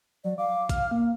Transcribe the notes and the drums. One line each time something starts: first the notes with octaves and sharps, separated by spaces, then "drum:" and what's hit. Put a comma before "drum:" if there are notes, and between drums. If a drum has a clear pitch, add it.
F#3 D5
F5 D6
F6, drum: kick, hi-hat
A#3